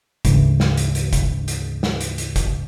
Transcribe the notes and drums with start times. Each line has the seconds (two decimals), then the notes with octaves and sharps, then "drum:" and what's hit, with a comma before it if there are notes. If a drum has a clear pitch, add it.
0.25 D2 G#2 C#3 E3, drum: kick, hi-hat
0.60 drum: snare
0.77 drum: hi-hat
0.95 drum: hi-hat
1.13 drum: kick, hi-hat
1.48 drum: hi-hat
1.83 drum: snare
2.01 drum: hi-hat
2.18 drum: hi-hat
2.36 drum: kick, hi-hat